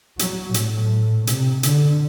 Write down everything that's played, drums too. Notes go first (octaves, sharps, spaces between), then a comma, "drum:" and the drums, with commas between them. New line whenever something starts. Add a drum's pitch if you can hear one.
F#3, drum: hi-hat
A2, drum: hi-hat
C3, drum: hi-hat
D3, drum: hi-hat